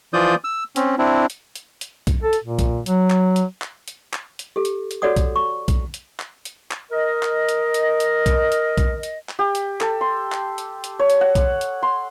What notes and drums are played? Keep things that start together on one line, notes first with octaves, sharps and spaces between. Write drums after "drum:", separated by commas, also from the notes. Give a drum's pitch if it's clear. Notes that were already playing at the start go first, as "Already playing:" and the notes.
E3 F3 F4 D5 D#6 G6
E6
C4 C#4, drum: hi-hat
C4 D4 E4
drum: hi-hat
drum: hi-hat
drum: hi-hat
drum: kick B1, hi-hat
A4
drum: hi-hat
A#2
drum: kick B1, hi-hat
F#3, drum: hi-hat
drum: clap
drum: hi-hat
drum: clap
drum: hi-hat
drum: clap
drum: hi-hat
G4 A4
drum: hi-hat
drum: hi-hat
F#4 A4 C#5 D5 F#5 D#6
drum: kick B1, hi-hat
C#6
drum: kick B1, hi-hat
drum: hi-hat
drum: clap
drum: hi-hat
drum: clap
A#4 D#5
drum: clap
drum: hi-hat
drum: hi-hat
drum: hi-hat
drum: kick B1, hi-hat
drum: hi-hat
drum: kick B1, hi-hat
drum: hi-hat
drum: clap
G4
drum: hi-hat
A4, drum: clap
C6
drum: clap
drum: hi-hat
drum: hi-hat
C#5
drum: hi-hat
F#5
drum: kick B1, hi-hat
drum: hi-hat
C6